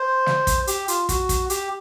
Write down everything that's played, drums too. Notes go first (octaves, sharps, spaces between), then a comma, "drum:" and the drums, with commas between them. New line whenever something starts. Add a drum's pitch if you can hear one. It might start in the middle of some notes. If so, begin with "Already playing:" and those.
Already playing: C5
drum: snare
drum: kick, hi-hat
G4, drum: hi-hat
F4, drum: hi-hat
F#4, drum: kick, hi-hat
drum: kick, hi-hat
G4, drum: hi-hat